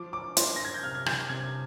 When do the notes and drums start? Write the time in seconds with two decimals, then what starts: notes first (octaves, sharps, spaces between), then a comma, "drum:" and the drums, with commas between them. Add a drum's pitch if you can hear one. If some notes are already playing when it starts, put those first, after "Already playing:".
Already playing: F3 D6
0.13 D6
0.37 F3 C6, drum: hi-hat
0.56 A#6
0.65 G#6
0.74 G6
0.83 C3 F6
0.95 G#6
1.06 G6, drum: rim click
1.29 C3 G#6